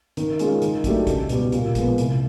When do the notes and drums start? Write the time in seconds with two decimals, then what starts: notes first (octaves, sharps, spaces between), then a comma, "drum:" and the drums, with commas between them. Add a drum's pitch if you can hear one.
0.17 D#3, drum: hi-hat
0.39 G#3 C#4 F4 G#4, drum: hi-hat
0.62 D#3, drum: hi-hat
0.84 F#3 A3 D4 G4, drum: kick, hi-hat
1.07 C#2, drum: kick, hi-hat
1.29 B2 G3, drum: hi-hat
1.52 A#2, drum: hi-hat
1.75 F3 G#3 B3, drum: kick, hi-hat
1.98 C2, drum: hi-hat